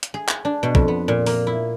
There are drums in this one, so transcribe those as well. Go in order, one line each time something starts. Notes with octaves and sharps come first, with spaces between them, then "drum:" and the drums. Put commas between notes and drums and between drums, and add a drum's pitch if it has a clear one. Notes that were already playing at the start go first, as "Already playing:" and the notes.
drum: hi-hat
G#4
drum: clap
D4
B2
F2, drum: kick
B3
A#2
A#3, drum: open hi-hat
E4